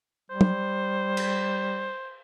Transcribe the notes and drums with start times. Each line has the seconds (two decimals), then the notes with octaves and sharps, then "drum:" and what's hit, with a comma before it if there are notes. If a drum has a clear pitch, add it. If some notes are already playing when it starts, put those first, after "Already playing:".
0.31 G3 C5
0.41 drum: tom
1.17 drum: cymbal